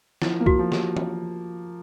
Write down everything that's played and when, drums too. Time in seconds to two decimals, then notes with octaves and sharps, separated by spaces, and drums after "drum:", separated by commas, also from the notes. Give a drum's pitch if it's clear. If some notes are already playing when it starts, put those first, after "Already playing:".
0.22 F3 E4, drum: snare
0.40 A#3
0.46 F#4, drum: kick
0.59 F3
0.72 G4, drum: snare
0.97 drum: tom